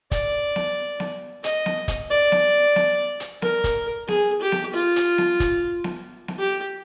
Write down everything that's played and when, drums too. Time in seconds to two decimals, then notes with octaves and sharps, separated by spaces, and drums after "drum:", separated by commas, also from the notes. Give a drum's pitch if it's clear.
0.12 D5, drum: kick, hi-hat
0.56 drum: snare B3
1.00 drum: snare B3
1.44 D#5, drum: hi-hat
1.66 drum: snare B3
1.88 drum: kick, hi-hat
2.10 D5
2.32 drum: snare B3
2.76 drum: snare B3
3.20 drum: hi-hat
3.42 A#4, drum: snare B3
3.64 drum: kick, hi-hat
4.08 G#4, drum: snare B3
4.41 G4
4.52 drum: snare B3
4.74 F4
4.96 drum: hi-hat
5.18 drum: snare B3
5.40 drum: kick, hi-hat
5.84 drum: snare B3
6.28 drum: snare B3
6.39 G4